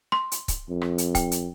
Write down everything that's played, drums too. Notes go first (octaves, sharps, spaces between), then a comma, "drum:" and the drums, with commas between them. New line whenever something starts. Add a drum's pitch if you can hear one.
C6, drum: rim click
drum: hi-hat
drum: kick C#1, hi-hat
F2
drum: rim click
drum: hi-hat
G5, drum: kick C#1, hi-hat
drum: hi-hat